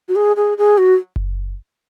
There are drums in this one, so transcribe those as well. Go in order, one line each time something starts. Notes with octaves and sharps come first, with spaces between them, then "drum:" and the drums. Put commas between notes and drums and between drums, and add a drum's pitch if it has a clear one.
F#4
G#4
G#4
G#4
F#4
drum: kick F#1